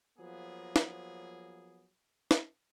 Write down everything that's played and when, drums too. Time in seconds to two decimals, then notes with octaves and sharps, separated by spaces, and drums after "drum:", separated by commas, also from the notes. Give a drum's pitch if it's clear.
0.18 F3 F#3 A#3 B3 G#4
0.76 drum: snare
2.31 drum: snare